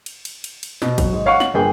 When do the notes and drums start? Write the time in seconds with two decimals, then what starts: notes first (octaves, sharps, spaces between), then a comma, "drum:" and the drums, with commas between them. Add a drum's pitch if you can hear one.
0.06 drum: cymbal
0.25 drum: cymbal
0.44 drum: cymbal
0.63 drum: cymbal
0.82 B2, drum: snare
0.98 F#3, drum: kick G#1, cymbal
1.13 G#2
1.26 C#5 F5 F#5 C#6
1.40 F#7, drum: snare
1.54 G1 A#3 G#4 G5